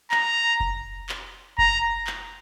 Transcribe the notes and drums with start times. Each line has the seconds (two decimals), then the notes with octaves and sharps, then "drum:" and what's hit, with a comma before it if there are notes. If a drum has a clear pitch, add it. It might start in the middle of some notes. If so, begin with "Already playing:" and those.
0.11 A#5, drum: clap
0.60 drum: kick F1
1.09 drum: clap
1.58 A#5, drum: kick F1
2.07 drum: clap